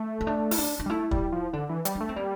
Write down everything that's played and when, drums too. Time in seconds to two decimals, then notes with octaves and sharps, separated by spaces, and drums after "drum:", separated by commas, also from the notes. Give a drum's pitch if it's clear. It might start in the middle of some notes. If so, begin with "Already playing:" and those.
Already playing: A3
0.21 C4
0.27 D4
0.51 E4, drum: open hi-hat
0.58 D4
0.80 D4
0.86 G3
0.90 A3 E4
1.11 G3, drum: kick
1.32 F3
1.53 D3 D4
1.69 E3
1.85 G3, drum: hi-hat
1.95 D4
2.01 A3
2.09 C4
2.16 G3 A#3